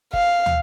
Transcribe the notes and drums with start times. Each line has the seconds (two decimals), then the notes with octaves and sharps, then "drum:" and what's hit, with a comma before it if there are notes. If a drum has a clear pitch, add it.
0.13 F5, drum: kick
0.46 drum: tom